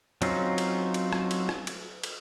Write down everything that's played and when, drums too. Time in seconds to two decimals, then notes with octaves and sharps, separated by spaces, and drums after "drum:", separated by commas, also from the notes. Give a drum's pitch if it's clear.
0.22 F#3 C4 C#4 D#4 F4, drum: cymbal
0.58 drum: cymbal
0.94 drum: cymbal
1.13 drum: rim click
1.31 drum: cymbal
1.49 drum: rim click
1.67 drum: cymbal
2.03 drum: cymbal